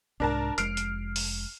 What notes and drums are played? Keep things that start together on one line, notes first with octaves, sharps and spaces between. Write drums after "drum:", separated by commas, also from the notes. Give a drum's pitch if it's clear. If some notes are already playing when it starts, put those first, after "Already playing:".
C2 G#2 D4 A#4 A5
F1 G#3 F6 C7 D7, drum: hi-hat
drum: hi-hat
drum: open hi-hat